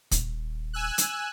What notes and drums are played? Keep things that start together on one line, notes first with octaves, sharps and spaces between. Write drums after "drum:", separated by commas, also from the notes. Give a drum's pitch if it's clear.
D#1, drum: kick, hi-hat
G#5 E6 F#6
drum: hi-hat